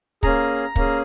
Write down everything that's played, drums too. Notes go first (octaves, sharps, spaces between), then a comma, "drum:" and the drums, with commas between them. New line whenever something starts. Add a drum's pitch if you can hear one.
A#3 C#4 G#4 A#5, drum: kick
A#3 C#4 G#4, drum: kick